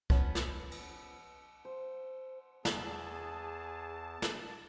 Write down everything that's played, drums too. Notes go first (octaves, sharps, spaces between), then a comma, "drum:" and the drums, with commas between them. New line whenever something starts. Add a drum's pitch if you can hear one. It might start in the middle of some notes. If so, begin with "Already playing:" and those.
F3 B3 C#4, drum: kick
drum: snare
drum: cymbal
C5
E2 G#4 A5, drum: snare
drum: snare